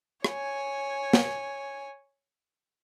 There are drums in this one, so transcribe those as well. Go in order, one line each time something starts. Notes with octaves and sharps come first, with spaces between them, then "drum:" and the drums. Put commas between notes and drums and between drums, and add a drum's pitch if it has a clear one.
C#5 G#5, drum: rim click
drum: snare